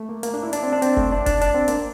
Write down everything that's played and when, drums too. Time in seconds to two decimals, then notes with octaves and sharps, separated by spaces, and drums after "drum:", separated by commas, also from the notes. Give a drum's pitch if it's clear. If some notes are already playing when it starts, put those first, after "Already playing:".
Already playing: A3
0.09 A#3
0.23 A#3, drum: hi-hat
0.34 D4
0.43 E4
0.53 D4, drum: hi-hat
0.63 C4
0.72 D4
0.82 C4, drum: hi-hat
0.97 A3, drum: kick F#1
1.12 D4
1.26 D4, drum: kick F#1, hi-hat
1.41 D4, drum: hi-hat
1.54 C4
1.68 A#3, drum: hi-hat